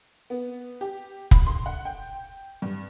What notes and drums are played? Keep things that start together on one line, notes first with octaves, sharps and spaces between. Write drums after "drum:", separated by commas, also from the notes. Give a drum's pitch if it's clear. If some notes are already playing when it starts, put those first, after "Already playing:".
B3
G4
B5, drum: kick
C6
F#5
G5
G2